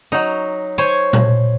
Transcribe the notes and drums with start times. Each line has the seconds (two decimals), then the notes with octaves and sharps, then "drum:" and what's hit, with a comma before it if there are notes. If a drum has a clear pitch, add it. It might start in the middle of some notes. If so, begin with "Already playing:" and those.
0.12 F#3 D#4
0.78 C5 C#5 G#5
1.13 drum: tom A#2